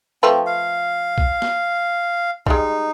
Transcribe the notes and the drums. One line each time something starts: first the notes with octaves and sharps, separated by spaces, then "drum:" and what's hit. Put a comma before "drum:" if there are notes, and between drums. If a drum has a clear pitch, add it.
F3 A3 C4 B4
F5
drum: kick
drum: snare
G3 G#3 D#4, drum: kick